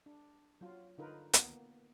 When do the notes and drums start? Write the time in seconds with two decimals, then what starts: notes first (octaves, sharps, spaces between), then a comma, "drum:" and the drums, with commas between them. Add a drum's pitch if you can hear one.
0.06 D4
0.61 F#3 F4
0.98 D3 D#4 F4 A#4 B4
1.33 A#3 B3, drum: hi-hat